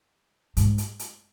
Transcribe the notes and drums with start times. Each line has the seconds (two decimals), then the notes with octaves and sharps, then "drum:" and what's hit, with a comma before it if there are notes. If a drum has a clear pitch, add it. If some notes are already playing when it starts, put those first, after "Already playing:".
0.57 G#2, drum: hi-hat
0.78 drum: hi-hat
0.99 drum: hi-hat